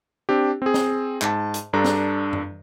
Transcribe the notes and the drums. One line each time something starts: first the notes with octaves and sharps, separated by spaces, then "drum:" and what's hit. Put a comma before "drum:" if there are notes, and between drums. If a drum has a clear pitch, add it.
C4 D4 G4
C4 G#4
drum: snare
G#2 A5, drum: clap
drum: hi-hat
G2 D4 A4 A#5
drum: snare
drum: tom F#2